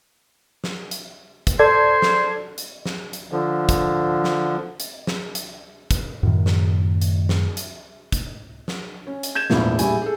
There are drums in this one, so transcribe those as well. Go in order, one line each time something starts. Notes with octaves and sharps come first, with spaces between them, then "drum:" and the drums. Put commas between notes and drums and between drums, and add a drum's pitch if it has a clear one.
drum: snare
drum: hi-hat
drum: kick, hi-hat
A4 C5 D5 G#6
drum: snare
drum: hi-hat
drum: snare
drum: hi-hat
D3 F3
drum: kick, hi-hat
drum: snare
drum: hi-hat
drum: snare
drum: hi-hat
drum: kick, hi-hat
F#2 A2 D#3
drum: snare
drum: hi-hat
drum: snare
drum: hi-hat
drum: kick, hi-hat
drum: snare
C#4
drum: hi-hat
G6 G#6 E7
A#1 E2 G#2 A3 E4 F4, drum: snare
A#1 G3 G#3 E4 G#5, drum: hi-hat
G#4 A4